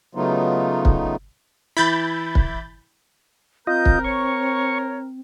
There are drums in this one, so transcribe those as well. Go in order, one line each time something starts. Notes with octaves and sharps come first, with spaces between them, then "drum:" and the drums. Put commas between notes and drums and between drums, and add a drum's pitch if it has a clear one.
C#3 F#3 A3 B3 D#4 F4
drum: kick
E3 E4 B5 G6 A6
drum: kick
C4 F4 A#4 D#5 G6
drum: kick
C#5 C#6